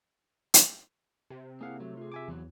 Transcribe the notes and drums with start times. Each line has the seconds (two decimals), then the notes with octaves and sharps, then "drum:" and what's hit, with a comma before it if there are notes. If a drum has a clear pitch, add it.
0.54 drum: hi-hat
1.30 C3
1.61 A#3 E4 G#4 F5 F#5
1.80 F#3 A3
1.97 F4 G#4
2.12 E5 G#5 D6
2.28 E2 E3 F#3 F#4